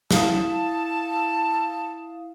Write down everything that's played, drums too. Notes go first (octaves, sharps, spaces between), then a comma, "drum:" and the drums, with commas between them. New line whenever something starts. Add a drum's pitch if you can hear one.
E4 F5 A5 D#6, drum: snare